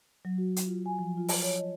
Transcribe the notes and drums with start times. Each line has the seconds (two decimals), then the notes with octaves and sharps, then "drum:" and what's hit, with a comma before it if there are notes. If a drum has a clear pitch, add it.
0.25 F#3
0.38 F#4
0.56 drum: hi-hat
0.67 F4
0.86 G#5
0.99 F3
1.17 F4
1.28 A5, drum: open hi-hat
1.43 C#5
1.58 D#5